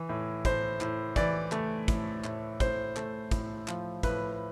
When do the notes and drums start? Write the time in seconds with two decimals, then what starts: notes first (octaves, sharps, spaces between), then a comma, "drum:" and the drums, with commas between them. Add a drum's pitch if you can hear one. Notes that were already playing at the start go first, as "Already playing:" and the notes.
Already playing: E3
0.09 A2
0.45 A2 C5, drum: kick, hi-hat
0.81 A2, drum: clap
1.16 E3 D5, drum: kick, hi-hat
1.52 A3, drum: clap
1.88 A2, drum: kick, hi-hat
2.24 A2, drum: clap
2.60 A2 C5, drum: kick, hi-hat
2.96 A3, drum: clap
3.31 A2, drum: kick, hi-hat
3.68 F3, drum: clap
4.03 A2 B4, drum: kick, hi-hat